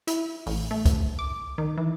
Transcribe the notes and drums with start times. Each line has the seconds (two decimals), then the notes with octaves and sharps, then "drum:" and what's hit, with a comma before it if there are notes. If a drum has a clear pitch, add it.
0.07 E4, drum: hi-hat
0.46 A1, drum: open hi-hat
0.71 A3
0.85 drum: kick, hi-hat
1.19 D6
1.58 D#3
1.77 E3